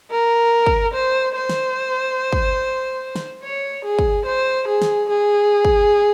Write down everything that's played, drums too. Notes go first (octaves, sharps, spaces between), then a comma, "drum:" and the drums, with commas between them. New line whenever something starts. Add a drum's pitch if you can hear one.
A#4
drum: kick
C5
C5
drum: snare
drum: kick
drum: snare
C#5
G#4
drum: kick
C5
G#4
drum: snare
G#4
drum: kick